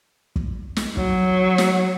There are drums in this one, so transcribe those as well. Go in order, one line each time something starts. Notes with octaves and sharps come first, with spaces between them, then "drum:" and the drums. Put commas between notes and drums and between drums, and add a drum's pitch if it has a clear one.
drum: kick
drum: snare
F#3, drum: kick
drum: snare